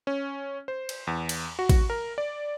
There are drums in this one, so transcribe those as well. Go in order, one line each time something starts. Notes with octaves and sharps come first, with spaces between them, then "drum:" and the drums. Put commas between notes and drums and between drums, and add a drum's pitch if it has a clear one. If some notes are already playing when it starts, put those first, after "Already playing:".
C#4
C5
drum: cymbal
E2
drum: cymbal
F#4
drum: kick A1, cymbal
A#4
D5